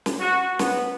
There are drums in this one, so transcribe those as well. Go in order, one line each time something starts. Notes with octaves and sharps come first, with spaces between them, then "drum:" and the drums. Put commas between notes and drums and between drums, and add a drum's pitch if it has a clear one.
drum: snare
F#4
B3, drum: snare